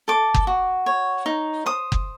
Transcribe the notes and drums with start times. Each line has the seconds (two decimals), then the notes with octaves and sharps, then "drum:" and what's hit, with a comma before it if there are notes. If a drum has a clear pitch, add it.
0.08 A4 D6
0.34 drum: kick F#1
0.47 F#4
0.86 C#5
1.26 D#4
1.66 C5 D#6
1.92 drum: kick F#1